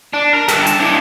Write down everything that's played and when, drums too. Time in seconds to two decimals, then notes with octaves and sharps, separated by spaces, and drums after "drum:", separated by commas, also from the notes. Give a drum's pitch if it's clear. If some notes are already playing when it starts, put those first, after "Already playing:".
0.13 D4
0.33 A#4
0.48 G2 A4, drum: snare
0.67 D3 A5, drum: hi-hat
0.80 D4 E4